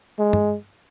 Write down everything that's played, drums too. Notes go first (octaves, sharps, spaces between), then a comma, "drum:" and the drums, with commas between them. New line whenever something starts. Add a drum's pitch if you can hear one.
G#3
drum: tom